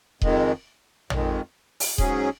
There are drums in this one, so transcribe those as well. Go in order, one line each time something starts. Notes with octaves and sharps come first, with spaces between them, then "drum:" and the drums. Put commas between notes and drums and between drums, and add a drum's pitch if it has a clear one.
F2 D#3 G#3, drum: kick D#1
F2 D#3 G#3, drum: tom
drum: open hi-hat
G#2 F#3 C#4 G#4, drum: kick D#1